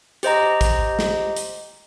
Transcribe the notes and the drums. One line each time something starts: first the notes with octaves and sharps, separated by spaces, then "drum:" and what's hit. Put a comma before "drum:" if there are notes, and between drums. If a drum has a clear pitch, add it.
G4 C5 D#5 A#5, drum: hi-hat
drum: kick, hi-hat
drum: snare
drum: hi-hat